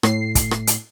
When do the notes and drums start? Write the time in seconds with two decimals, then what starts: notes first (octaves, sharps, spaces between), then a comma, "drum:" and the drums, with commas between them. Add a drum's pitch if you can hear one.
0.03 A2 C7, drum: rim click
0.35 drum: kick, hi-hat
0.51 drum: rim click
0.67 drum: hi-hat